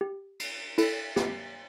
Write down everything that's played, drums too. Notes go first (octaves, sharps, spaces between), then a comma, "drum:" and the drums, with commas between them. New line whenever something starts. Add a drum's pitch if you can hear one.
G4
drum: cymbal
E4 A4, drum: cymbal
G4, drum: snare